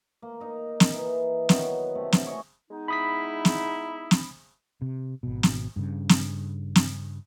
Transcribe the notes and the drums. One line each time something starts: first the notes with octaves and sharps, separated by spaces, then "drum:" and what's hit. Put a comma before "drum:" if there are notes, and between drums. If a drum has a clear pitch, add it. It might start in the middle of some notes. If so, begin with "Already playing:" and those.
A#3
D#4 A#4
drum: snare
E3
D#3 F#3 B3, drum: snare
C3 A3
drum: snare
C#5 D#5 G#5
G#3 B3 D#4
E4 B5 D#6 B6
drum: snare
drum: snare
C3
G#1 B2
drum: snare
G2 C#3
drum: snare
drum: snare